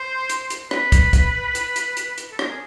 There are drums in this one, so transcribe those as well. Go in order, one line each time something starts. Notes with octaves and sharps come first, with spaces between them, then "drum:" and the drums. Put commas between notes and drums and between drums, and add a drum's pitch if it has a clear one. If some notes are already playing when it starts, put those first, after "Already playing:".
Already playing: C5
drum: hi-hat
drum: hi-hat
B4, drum: rim click
drum: kick, hi-hat
drum: kick, hi-hat
drum: hi-hat
drum: hi-hat
drum: hi-hat
drum: hi-hat
A4
A#4, drum: rim click
G#4